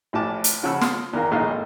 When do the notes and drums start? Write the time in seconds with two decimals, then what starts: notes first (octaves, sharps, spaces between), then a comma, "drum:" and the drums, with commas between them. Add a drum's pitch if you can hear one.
0.13 A1 A2 F3 G4 A5 D6
0.44 drum: hi-hat
0.63 C#3 F3 C#5 F#5 B5 E6
0.81 C6 D#6 F6, drum: snare
1.13 E2 D#3 A#4 F5
1.31 A#1 A2 G#3 A3 D#4 F5
1.48 G#1